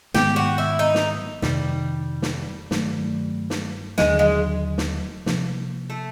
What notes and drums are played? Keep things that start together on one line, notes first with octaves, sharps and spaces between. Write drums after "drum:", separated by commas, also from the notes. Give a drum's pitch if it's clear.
G#2 D#3 G#3 B3 G4, drum: snare
F#4
E4
D#4
drum: snare
F2 C3 D#3 G3, drum: snare
drum: snare
G2 D#3 F#3 A3, drum: snare
drum: snare
D#2 D3 F#3 G#3, drum: snare
G#3
drum: snare
C3 F3 A#3, drum: snare
A3